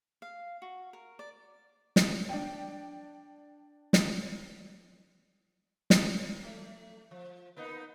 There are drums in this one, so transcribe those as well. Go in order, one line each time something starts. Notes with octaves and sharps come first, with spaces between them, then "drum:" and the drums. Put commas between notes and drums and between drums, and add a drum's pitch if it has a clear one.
F5
F#4
A#4
D5
drum: snare
D4 G5
drum: snare
drum: snare
A3
F3
A#3 B3 D#4